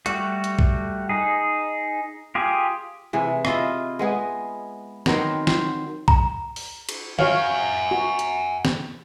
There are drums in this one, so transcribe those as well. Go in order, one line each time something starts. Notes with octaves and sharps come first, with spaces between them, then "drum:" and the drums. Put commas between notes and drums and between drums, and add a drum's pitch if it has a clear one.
G3 A3 F#4, drum: hi-hat
drum: hi-hat
drum: kick
D#4 G#4
F4 G4 G#4
C3 E3 G#4
E4 F4 D#5, drum: rim click
G#3 B3 G#4
D#3 F#3 B3 C4, drum: snare
C5, drum: snare
A#5, drum: kick
drum: open hi-hat
drum: cymbal
F#4 C#5 F5 F#5 G#5, drum: tom
F#4
drum: hi-hat
drum: snare